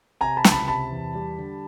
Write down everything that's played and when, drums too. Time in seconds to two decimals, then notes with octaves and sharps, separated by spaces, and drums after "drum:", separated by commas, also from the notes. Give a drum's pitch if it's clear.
0.21 C3 G#5 A#5
0.37 A5 B5
0.44 C#2, drum: snare
0.52 A5 B5
0.67 C3 A5 B5
0.91 E2
1.15 G3
1.38 D3